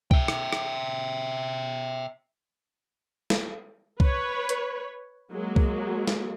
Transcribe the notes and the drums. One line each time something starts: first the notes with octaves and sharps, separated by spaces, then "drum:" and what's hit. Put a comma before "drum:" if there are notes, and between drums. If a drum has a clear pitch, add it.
E5 G5, drum: kick C2
drum: rim click
drum: rim click
drum: snare
B4 C#5, drum: kick C2
drum: hi-hat
F#3 G#3 A#3
drum: kick C2
drum: snare